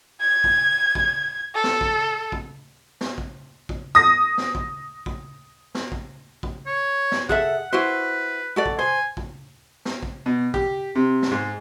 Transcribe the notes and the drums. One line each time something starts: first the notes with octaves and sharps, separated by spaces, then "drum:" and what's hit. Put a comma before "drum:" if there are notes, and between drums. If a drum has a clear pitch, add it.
G#6
drum: kick
drum: kick
A4
drum: snare
drum: kick
drum: kick
drum: snare
drum: kick
drum: kick
D#6 A#6
drum: snare
drum: kick
drum: kick
drum: snare
drum: kick
drum: kick
C#5
drum: snare
G#4 A4 E5 F#5, drum: kick
E4 F#4 B4 C5
F#4 A4 D5
drum: kick
C5 G#5
drum: kick
drum: snare
drum: kick
B2
G4, drum: kick
C3
drum: snare
G#2